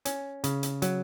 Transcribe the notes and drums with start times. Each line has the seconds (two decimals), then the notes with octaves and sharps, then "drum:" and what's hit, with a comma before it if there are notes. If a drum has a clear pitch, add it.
0.05 C#4, drum: hi-hat
0.44 C#3, drum: hi-hat
0.63 drum: hi-hat
0.82 F#3, drum: hi-hat